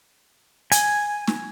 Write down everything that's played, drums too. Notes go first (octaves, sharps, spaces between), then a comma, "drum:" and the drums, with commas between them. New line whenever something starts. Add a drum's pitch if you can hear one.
G#5, drum: hi-hat
drum: snare